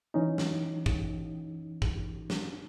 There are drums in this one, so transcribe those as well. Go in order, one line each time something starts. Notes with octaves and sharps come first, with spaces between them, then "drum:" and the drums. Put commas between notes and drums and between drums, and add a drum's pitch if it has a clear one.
E3 C#4 D#4
drum: snare
drum: kick
drum: kick
drum: snare